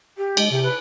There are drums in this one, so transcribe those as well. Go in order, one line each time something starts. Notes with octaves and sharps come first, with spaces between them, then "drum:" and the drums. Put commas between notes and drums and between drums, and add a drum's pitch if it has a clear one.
G4
G#3, drum: cymbal
C3 G4
B4